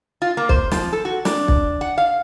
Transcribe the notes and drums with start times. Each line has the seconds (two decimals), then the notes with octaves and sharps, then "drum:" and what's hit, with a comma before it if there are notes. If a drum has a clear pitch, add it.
0.22 F4
0.37 A#3
0.49 C5, drum: kick
0.71 F3, drum: snare
0.93 A4
1.05 F#4
1.25 D4, drum: snare
1.48 drum: kick
1.81 F#5
1.98 F5